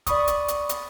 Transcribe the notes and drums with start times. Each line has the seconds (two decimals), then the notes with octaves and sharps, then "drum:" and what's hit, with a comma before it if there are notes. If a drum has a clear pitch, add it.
0.07 D5 B5 C#6 D#6, drum: kick, hi-hat
0.27 drum: hi-hat
0.48 drum: hi-hat
0.69 drum: hi-hat